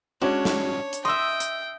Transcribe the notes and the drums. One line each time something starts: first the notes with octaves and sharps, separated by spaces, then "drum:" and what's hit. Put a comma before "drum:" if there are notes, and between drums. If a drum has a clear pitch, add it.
G#3 C#4 D4 F#4 C#5
drum: snare
drum: hi-hat
D#5 E5 G5 C6 E6
drum: hi-hat